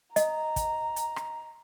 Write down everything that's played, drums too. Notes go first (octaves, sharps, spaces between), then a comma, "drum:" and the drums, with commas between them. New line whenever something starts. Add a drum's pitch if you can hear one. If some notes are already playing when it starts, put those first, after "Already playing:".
D#5 A#5, drum: hi-hat
drum: kick, hi-hat
drum: hi-hat
drum: rim click